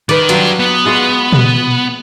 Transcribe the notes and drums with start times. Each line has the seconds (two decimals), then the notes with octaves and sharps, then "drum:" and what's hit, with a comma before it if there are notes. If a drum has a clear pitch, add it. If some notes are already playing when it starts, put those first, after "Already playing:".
0.09 D#3 B4 D5, drum: hi-hat
0.29 F#3 D4 F4 G4, drum: hi-hat
0.59 B3
0.85 G#3 F4 F#4
1.33 drum: tom A#2